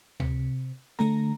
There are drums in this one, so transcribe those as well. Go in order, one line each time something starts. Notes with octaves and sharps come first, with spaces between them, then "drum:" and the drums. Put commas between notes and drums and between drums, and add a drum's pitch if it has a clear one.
C3, drum: tom C#2
D3 A3 A#5, drum: snare